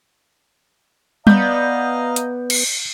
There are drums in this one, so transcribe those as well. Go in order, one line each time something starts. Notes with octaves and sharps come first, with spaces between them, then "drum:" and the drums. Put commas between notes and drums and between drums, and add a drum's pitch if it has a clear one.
B3 B4 D5 D#5 F5 A#5 G6, drum: tom G3
drum: hi-hat
drum: cymbal